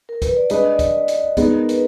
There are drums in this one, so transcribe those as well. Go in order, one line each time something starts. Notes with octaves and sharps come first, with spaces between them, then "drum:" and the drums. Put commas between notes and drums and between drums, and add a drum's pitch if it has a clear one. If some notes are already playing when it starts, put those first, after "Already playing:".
A#4
B4, drum: kick, hi-hat
D5
G#3 D4 G#4 B4 D#5, drum: hi-hat
D5
drum: kick, hi-hat
drum: hi-hat
G#3 B3 D#4, drum: kick, hi-hat
G#4
A#4
B4, drum: hi-hat